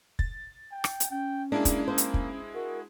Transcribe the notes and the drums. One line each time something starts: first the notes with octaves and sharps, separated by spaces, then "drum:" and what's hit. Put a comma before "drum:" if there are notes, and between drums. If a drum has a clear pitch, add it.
A6, drum: kick
G5
drum: rim click
drum: hi-hat
C#4 G5
G#3 A#3 D4 E4 G#4
drum: kick, hi-hat
A#3 C5
drum: hi-hat
drum: kick
F#4 A#4